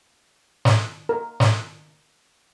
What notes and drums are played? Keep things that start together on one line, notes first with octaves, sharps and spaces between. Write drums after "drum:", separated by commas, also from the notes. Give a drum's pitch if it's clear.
drum: snare
A#4
drum: snare